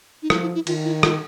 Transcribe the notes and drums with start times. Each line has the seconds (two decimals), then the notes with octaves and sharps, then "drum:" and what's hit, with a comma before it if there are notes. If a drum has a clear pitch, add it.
0.23 D#4
0.30 F3 E4, drum: rim click
0.42 E4
0.55 E4
0.67 D#3 F4, drum: cymbal
0.85 E4
1.03 F4, drum: rim click